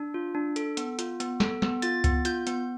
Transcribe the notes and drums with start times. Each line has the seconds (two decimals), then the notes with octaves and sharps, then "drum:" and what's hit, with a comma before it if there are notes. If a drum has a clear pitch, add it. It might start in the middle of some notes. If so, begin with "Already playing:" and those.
Already playing: D4
0.14 F4
0.35 D4
0.56 A4, drum: hi-hat
0.77 B3, drum: hi-hat
0.99 F4, drum: hi-hat
1.20 B3, drum: hi-hat
1.40 A4, drum: snare
1.62 B3, drum: snare
1.82 F4 A6, drum: hi-hat
2.04 B3, drum: kick C#2, hi-hat
2.25 F4 G6, drum: hi-hat
2.47 B3, drum: hi-hat